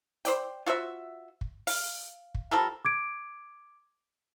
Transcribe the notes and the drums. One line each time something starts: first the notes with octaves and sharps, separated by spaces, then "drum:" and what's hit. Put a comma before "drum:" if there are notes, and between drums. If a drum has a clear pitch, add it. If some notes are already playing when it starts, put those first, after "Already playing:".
C5 D5 G5, drum: hi-hat
F4 F#4 C5 E5
drum: kick
F5, drum: open hi-hat
drum: kick
F3 G3 A4 A#4
D6 G#6 D7